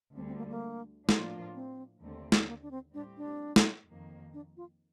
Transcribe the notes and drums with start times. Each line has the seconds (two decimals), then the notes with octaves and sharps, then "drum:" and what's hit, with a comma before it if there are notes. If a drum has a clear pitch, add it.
0.15 D2 D3 G3 C4
0.27 C4
0.38 A#3
0.50 A#3
1.09 A2 F3 A#3 D4 F4, drum: snare
1.55 C4
2.01 D#2 D3 A3 C4
2.32 drum: snare
2.47 A#3
2.62 D4
2.71 C4
2.94 A2 G3 C4 D4 G4
3.17 D4
3.56 drum: snare
3.87 F2 D#3 A#3
4.33 D4
4.57 F4